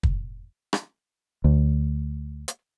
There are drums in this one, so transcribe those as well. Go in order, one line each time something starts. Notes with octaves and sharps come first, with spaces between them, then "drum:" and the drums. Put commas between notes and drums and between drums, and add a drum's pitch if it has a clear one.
drum: kick
drum: rim click
D2
drum: hi-hat